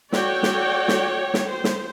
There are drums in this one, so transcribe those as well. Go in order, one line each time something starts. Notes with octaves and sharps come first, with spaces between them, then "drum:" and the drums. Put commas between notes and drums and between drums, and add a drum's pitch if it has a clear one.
F#4 A4 C#5 D5 G5, drum: snare
drum: snare
drum: snare
drum: snare
C5
drum: snare